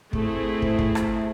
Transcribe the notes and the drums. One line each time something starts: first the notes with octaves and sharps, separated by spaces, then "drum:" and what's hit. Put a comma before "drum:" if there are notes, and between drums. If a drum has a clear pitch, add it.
A3 C4 E4 G#4, drum: kick
drum: kick
drum: kick
drum: rim click